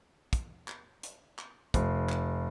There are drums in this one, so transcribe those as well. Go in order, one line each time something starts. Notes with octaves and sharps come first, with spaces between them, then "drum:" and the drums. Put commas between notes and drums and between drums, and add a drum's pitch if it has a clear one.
drum: kick, hi-hat
drum: clap
drum: hi-hat
drum: clap
F1, drum: kick, hi-hat
drum: clap